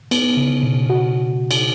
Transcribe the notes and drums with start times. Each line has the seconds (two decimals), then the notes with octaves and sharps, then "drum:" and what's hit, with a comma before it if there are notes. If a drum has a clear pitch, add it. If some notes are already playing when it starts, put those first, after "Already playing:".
0.11 B3, drum: cymbal
0.37 C#3
0.63 B2
0.90 F#4
1.51 drum: cymbal